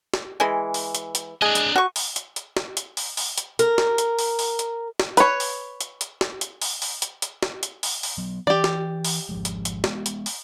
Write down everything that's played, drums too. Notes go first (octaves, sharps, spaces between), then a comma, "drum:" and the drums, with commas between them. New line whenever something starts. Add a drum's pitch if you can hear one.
drum: snare
E3 G#3
drum: open hi-hat
drum: hi-hat
drum: hi-hat
G#3 D4 D#5
drum: hi-hat
F#4 C#6
drum: open hi-hat
drum: hi-hat
drum: hi-hat
drum: snare
drum: hi-hat
drum: open hi-hat
drum: open hi-hat
drum: hi-hat
A#4, drum: hi-hat
drum: snare
drum: hi-hat
drum: open hi-hat
drum: open hi-hat
drum: hi-hat
drum: snare
B4 C#5, drum: hi-hat
drum: open hi-hat
drum: hi-hat
drum: hi-hat
drum: snare
drum: hi-hat
drum: open hi-hat
drum: open hi-hat
drum: hi-hat
drum: hi-hat
drum: snare
drum: hi-hat
drum: open hi-hat
drum: open hi-hat
F#3 B3
E3 G4 D5
drum: snare
drum: open hi-hat
G#1 F3 G#3
drum: hi-hat
drum: hi-hat
G#3 B3, drum: snare
drum: hi-hat
drum: open hi-hat